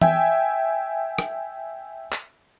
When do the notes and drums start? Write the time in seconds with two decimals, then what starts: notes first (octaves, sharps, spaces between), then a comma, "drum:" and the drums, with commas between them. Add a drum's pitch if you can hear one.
0.02 E5 G5 G#5, drum: tom E3
1.18 drum: rim click
2.12 drum: clap